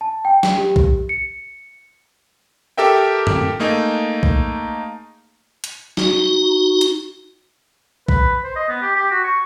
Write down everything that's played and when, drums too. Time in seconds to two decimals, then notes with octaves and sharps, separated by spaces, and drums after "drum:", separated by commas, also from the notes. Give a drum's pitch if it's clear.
0.01 A5
0.25 G5
0.43 drum: snare
0.58 G4
0.76 drum: kick B1
1.09 C#7
2.77 G4 A4 A#4 E5 G5
3.27 drum: tom F#2
3.60 A3 A#3 D#4 G#4
4.23 drum: kick B1
5.64 drum: hi-hat
5.97 D#4 F#4, drum: snare
6.81 drum: hi-hat
8.09 B4, drum: kick B1
8.44 C5
8.56 D#5
8.69 B3
8.82 G4
8.97 G4
9.11 F#4
9.24 C#6